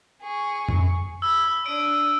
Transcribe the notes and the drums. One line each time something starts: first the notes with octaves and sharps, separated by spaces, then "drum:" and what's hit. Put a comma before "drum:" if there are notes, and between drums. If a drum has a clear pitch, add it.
G#4 C#6
drum: tom F2
B5 E6 G#6
D4 D#6 D7